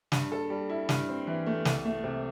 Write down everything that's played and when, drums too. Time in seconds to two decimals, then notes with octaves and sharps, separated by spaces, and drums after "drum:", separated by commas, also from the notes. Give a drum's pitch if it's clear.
0.12 G2, drum: snare
0.32 A4
0.50 G3
0.69 E4
0.89 G2, drum: snare
1.09 C4
1.27 E3
1.46 A3
1.65 C2, drum: snare
1.85 A3
2.04 C3